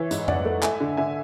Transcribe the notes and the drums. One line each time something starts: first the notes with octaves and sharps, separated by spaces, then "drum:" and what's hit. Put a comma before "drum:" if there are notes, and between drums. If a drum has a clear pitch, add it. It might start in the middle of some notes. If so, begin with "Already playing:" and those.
Already playing: E3 C#5 E5
G#2, drum: hi-hat
G#2 D5 F#5, drum: tom F2
A3
A3 E5 G#5, drum: clap
D3
D3 E5 G#5